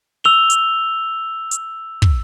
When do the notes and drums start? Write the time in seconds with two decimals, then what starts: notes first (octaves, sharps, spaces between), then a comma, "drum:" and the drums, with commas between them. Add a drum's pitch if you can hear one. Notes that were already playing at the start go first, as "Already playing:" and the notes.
0.24 E6 F7 G7
0.50 drum: hi-hat
1.51 drum: hi-hat
2.02 drum: kick